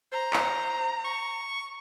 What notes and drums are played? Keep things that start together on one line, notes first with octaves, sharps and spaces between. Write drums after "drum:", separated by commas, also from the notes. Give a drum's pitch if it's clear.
C5 A#5
drum: clap
C#6